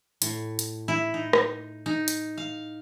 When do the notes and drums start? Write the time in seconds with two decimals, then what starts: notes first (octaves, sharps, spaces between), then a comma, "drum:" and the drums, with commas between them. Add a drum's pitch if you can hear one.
0.22 A2, drum: hi-hat
0.59 drum: hi-hat
0.88 E4
1.14 D#4
1.33 drum: rim click
1.86 D#4
2.08 drum: hi-hat
2.38 F5